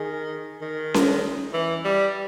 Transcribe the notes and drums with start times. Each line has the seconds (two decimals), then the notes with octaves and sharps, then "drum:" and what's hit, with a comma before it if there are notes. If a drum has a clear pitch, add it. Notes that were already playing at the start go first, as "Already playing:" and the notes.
Already playing: D#3 G#4
0.62 D#3
0.94 drum: snare C#4
1.54 E3
1.84 G3